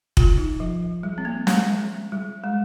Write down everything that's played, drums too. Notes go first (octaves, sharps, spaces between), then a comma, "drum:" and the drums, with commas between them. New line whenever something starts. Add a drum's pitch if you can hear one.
F4, drum: kick
D#4
F3
G3
C4
A#3
G#3, drum: snare
G3
G3
G#3